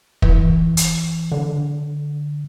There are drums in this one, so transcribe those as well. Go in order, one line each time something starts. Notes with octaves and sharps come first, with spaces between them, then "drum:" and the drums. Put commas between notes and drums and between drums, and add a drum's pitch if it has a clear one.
E3, drum: kick
drum: hi-hat
D3